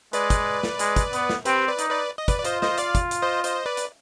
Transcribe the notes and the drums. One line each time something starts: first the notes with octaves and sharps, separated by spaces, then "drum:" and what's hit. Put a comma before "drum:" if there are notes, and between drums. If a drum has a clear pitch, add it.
G#3 B4 D5, drum: hi-hat
drum: kick, hi-hat
drum: snare
G#3, drum: hi-hat
drum: kick, hi-hat
B3, drum: hi-hat
drum: snare
C4 G4 B4, drum: hi-hat
B4 D5
D#4, drum: hi-hat
B4 D5
D#5
B4 D5, drum: kick, hi-hat
D5
F4 C5 D#5, drum: hi-hat
C5 D#5, drum: snare
D5 F5, drum: hi-hat
drum: kick, hi-hat
drum: hi-hat
C5 D#5
C5 D#5, drum: hi-hat
B4 D5
drum: hi-hat